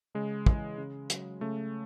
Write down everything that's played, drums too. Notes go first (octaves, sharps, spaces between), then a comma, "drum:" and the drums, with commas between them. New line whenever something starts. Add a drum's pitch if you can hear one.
C#3 G#3
E3, drum: kick
C#3
F#3, drum: hi-hat
C#3 A3